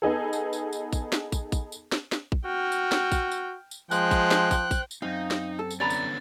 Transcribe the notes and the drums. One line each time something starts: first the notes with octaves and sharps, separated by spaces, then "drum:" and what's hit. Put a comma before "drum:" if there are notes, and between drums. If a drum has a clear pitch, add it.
B3 D#4 G#4 A4
drum: tambourine
drum: tambourine
drum: tambourine
drum: kick, tambourine
drum: snare
drum: kick, tambourine
drum: kick, tambourine
drum: tambourine
drum: snare
drum: snare
drum: kick
F#4 G5 F6
drum: tambourine
drum: snare
drum: kick, tambourine
drum: tambourine
drum: tambourine
F3 G#3 C5 G5 F#6, drum: tambourine
drum: kick, tambourine
drum: snare
drum: kick, tambourine
drum: kick, tambourine
drum: tambourine
F#2 C4 D#4 F5
drum: snare
A4
drum: tambourine
D3 B3 C#4 D5 A#5 B5 A6
drum: tambourine